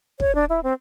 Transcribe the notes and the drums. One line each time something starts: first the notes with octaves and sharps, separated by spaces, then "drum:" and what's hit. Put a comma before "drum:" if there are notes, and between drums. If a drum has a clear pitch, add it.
C#5, drum: kick
D4
E4
C4